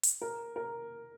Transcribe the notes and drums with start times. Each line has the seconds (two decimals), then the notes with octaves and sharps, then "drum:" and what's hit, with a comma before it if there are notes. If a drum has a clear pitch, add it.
0.03 drum: hi-hat
0.22 A#4
0.56 A#4